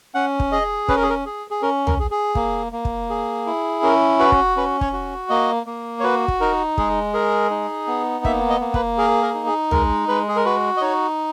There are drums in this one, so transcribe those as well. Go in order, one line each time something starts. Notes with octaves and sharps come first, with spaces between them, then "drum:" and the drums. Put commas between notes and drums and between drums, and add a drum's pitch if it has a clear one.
C#4 F#5
drum: kick
G#4 D#5
C#4 B4, drum: kick
A#4
G#4
A#4
G#4
G#4
C#4 A#4
A#4, drum: tom
G#4
G#4
A#3, drum: kick
A#3
drum: kick
G#4
E4
C#4 A#4
F#4 B4
drum: kick
C#4 B4
C#5, drum: kick
F#4
A#3 D#5
A#3
C#5
F#4 B4
drum: kick
D#4 A#4
G#3 G#4, drum: kick
G#4 A#4
D#4
B3
A#3 E5, drum: kick
D#5
A#3
B4, drum: kick
G#4 A#4
A#4
D#4
G#4
G#3 A#4, drum: tom
G#3 B4
G#4
A#4
F#4 B4
D#5
D#4 C#5